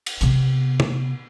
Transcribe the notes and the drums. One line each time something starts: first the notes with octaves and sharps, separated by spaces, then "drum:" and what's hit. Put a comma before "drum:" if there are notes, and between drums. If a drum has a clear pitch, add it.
drum: cymbal
C3 B3, drum: hi-hat
drum: tom